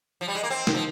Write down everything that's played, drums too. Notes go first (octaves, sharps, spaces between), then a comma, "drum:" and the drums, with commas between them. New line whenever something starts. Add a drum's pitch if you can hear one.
F3
G3
G#3
A#3
C4
D#3, drum: snare
F3